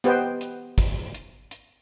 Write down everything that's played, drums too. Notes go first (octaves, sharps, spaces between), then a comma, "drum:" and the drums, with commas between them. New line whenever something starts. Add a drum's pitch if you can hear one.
B3 G4 B4 C5 D#5 G5, drum: hi-hat
drum: hi-hat
drum: kick, hi-hat
drum: hi-hat
drum: hi-hat